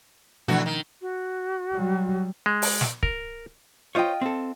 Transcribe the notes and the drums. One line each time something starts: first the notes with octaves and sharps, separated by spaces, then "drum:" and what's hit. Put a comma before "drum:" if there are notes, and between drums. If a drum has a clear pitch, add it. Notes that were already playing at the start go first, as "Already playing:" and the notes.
B2 D3 E3 F3 A3 F#4
D#3
F#4
F#3 G3
G#3
drum: open hi-hat
drum: snare
A#4, drum: kick
F4 C5 C#5 D#5 G5
C4 A4